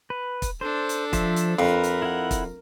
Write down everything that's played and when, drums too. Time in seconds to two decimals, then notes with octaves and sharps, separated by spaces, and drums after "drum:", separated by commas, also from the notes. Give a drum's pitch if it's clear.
0.10 B4
0.42 drum: kick, hi-hat
0.61 D4 A4 C5
0.89 drum: hi-hat
1.13 F3 C5 E5, drum: kick, hi-hat
1.36 drum: hi-hat
1.59 F2 A#4 B4, drum: snare
1.84 drum: hi-hat
2.02 E4 F#5
2.31 drum: kick, hi-hat